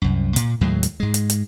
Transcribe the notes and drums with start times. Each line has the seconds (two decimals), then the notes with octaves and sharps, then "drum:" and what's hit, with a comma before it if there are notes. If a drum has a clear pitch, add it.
0.02 C2 F#2
0.36 A#2, drum: hi-hat
0.61 D#2 A2 F#3 G#3
0.83 drum: hi-hat
1.00 G#2 G#3
1.14 drum: hi-hat
1.30 drum: hi-hat